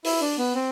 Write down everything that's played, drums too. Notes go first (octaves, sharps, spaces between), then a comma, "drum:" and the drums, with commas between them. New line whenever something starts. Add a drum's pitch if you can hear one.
E4, drum: open hi-hat
D4
B3
C4